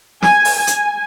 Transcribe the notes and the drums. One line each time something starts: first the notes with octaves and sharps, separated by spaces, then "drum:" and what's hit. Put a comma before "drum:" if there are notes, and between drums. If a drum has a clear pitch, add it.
G#5, drum: snare
drum: open hi-hat
G#5
drum: hi-hat